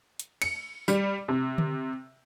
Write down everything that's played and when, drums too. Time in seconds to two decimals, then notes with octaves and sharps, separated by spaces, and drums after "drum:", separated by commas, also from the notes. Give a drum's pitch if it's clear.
0.19 drum: hi-hat
0.42 C#7, drum: cymbal
0.88 G3, drum: tambourine
1.28 C3
1.58 drum: tom D3